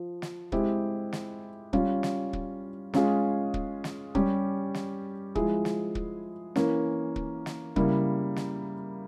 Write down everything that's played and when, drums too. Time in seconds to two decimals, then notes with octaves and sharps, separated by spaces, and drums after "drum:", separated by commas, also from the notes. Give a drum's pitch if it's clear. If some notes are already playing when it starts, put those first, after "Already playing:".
Already playing: F3
0.22 drum: snare
0.52 G#3 C4 E4 G4, drum: kick
1.13 drum: snare
1.73 G3 C#4 F4, drum: kick
2.03 drum: snare
2.33 drum: kick
2.94 G#3 C#4 F4 G#4, drum: snare
3.54 drum: kick
3.84 drum: snare
4.15 G3 C#4 G4, drum: kick
4.74 drum: snare
5.35 F3 G#3 E4 G#4, drum: kick
5.65 drum: snare
5.95 drum: kick
6.56 E3 A#3 C#4, drum: snare
7.16 drum: kick
7.46 drum: snare
7.76 C#3 G3 A#3 E4, drum: kick
8.36 drum: snare